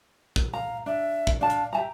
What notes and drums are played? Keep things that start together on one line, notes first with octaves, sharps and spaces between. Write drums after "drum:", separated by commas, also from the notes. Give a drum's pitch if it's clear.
drum: kick
F5 A#5
D4 E5
drum: kick
D4 F5 A5
drum: hi-hat
G4 E5 A5 A#5